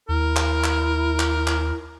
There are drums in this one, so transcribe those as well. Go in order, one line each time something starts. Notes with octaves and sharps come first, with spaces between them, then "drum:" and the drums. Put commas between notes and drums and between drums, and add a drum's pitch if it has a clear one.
D#2 E4 A#4
drum: clap
drum: clap
drum: clap
drum: clap